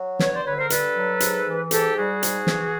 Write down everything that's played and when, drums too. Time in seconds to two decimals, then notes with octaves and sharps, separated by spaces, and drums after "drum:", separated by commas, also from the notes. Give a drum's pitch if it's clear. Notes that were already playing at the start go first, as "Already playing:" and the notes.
Already playing: F#3
0.19 G2 B4 C#5, drum: snare
0.32 C5 D5
0.45 D3 B4 C#5
0.57 A#4 C5
0.70 G2 A4 B4, drum: hi-hat
0.95 F#3
1.20 G#2, drum: hi-hat
1.46 E3
1.71 G#2 G4 A4, drum: hi-hat
1.96 G3 F#4 G#4
2.23 G#2, drum: hi-hat
2.47 E3, drum: snare